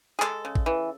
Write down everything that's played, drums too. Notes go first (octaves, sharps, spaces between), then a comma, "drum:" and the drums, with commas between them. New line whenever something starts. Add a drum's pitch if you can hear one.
G#4
G#3 A4, drum: clap
C#3
drum: kick A1
E3